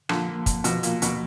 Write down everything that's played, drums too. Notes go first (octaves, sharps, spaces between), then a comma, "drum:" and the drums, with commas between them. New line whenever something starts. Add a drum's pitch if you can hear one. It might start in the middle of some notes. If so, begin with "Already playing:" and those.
A#2 D3 F3, drum: rim click
A#3
F2, drum: kick, hi-hat
B2 F3, drum: hi-hat
A#2 A#3, drum: hi-hat
D#2 B2, drum: hi-hat